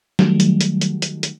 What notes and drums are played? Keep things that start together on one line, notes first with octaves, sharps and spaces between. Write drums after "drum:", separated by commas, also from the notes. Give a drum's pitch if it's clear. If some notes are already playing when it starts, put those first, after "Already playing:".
D#3 F#3 G3 A3, drum: snare
drum: hi-hat
drum: hi-hat
drum: hi-hat
drum: hi-hat
drum: hi-hat